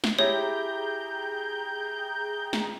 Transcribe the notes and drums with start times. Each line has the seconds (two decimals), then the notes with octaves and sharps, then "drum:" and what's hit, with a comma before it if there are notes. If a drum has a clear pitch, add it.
0.04 drum: snare
0.19 E4 G4 G#4 C#5 G5 A#5 G6
2.53 drum: snare